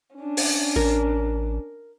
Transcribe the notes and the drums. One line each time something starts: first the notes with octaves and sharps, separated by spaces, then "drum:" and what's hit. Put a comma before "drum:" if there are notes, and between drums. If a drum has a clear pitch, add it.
C#4 D4
drum: open hi-hat
A1 A#4